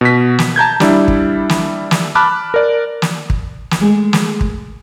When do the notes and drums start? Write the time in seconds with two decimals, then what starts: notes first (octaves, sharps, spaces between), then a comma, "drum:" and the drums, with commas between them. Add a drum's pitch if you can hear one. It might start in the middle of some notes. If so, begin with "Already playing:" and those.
0.01 B2 B6
0.39 drum: snare
0.56 A5 A#5 G6 G#6
0.80 G3 D4 E4 E5, drum: snare
1.08 drum: kick
1.49 drum: snare
1.91 drum: snare
2.15 A5 B5 D6 F6 F#6
2.54 A#4 D5
3.02 drum: snare
3.30 drum: kick
3.71 drum: snare
3.81 G#3 A3 G#4
4.13 drum: snare
4.41 drum: kick